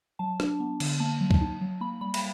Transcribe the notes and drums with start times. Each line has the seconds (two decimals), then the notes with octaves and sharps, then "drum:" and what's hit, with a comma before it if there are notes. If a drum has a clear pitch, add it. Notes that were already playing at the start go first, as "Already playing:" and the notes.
0.19 F#3 A5
0.40 D4, drum: rim click
0.60 B3
0.80 D3, drum: cymbal
1.00 A#3 A5
1.21 F#3
1.31 drum: kick D2
1.41 D#4
1.61 F#3
1.81 A#3 B5
2.01 G3 B5
2.14 B5, drum: cymbal